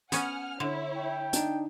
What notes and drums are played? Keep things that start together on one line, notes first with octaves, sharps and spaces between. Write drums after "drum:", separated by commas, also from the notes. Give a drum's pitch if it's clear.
B3 C#4 F#5 G#5 F6, drum: hi-hat
D3 E4 C#5
G5
D4 D#4, drum: hi-hat